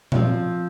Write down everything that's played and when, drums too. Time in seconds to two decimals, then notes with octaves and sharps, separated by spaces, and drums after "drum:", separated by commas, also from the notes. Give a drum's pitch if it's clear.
0.12 F3 C4, drum: tom A#2